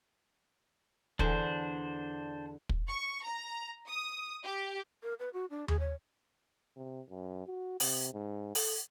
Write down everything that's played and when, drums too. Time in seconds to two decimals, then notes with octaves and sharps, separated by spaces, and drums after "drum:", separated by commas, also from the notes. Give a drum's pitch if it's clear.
1.19 E2 D3 D4 C5, drum: kick
2.69 drum: kick
2.88 C#6
3.24 A#5
3.88 D#6
4.43 G4
5.03 A#4
5.19 B4
5.33 F#4
5.50 D4
5.68 G#4, drum: tom D#2
5.80 C#5
6.76 C3
7.10 F#2
7.47 F#4
7.80 C3, drum: open hi-hat
8.13 G#2
8.55 A4, drum: open hi-hat